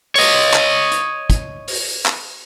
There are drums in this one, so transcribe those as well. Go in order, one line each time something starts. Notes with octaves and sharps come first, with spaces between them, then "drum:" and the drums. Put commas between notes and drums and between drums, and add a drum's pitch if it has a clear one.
C#5 D#5, drum: open hi-hat
drum: clap
drum: hi-hat
drum: kick, hi-hat
drum: open hi-hat
drum: clap